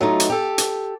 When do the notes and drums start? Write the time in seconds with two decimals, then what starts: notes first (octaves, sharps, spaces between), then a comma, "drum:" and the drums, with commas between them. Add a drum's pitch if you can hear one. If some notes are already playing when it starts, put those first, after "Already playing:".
0.01 F#3 A3 D#4 F4
0.20 drum: hi-hat
0.30 G4 A4
0.58 drum: hi-hat